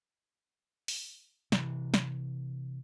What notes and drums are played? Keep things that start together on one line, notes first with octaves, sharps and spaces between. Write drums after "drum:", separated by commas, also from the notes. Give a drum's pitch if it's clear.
drum: open hi-hat
C3 E3, drum: snare
drum: snare